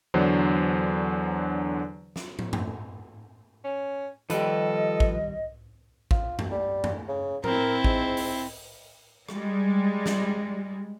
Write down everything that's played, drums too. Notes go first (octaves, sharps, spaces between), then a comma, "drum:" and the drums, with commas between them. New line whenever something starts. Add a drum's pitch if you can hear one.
E2 D3 F#3 D4 C5
drum: snare
drum: tom
drum: tom F#2
C#4
D#3 F3 G3 G4 A4 B4 D#5, drum: hi-hat
drum: kick A1
F4, drum: kick A1
drum: tom F#2
G3
drum: tom F#2
C#3
C4 E4 A#4, drum: tom
G#2, drum: kick A1
drum: open hi-hat
G3 G#3, drum: rim click
drum: snare